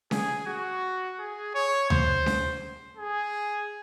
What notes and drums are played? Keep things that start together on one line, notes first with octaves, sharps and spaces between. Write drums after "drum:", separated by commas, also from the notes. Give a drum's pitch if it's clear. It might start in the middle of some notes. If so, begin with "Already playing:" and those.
G#4, drum: snare C#4
F#4
G#4
C#5
C5, drum: tom D2
drum: snare C#4
G#4